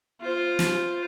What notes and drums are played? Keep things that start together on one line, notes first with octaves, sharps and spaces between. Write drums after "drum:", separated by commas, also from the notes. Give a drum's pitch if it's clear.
F4 C5
drum: snare